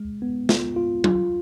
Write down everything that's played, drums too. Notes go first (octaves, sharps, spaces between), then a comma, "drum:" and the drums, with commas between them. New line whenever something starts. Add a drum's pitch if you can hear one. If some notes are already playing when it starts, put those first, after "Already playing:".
Already playing: G#3
B3
F4, drum: snare
F4
F4, drum: tom F#3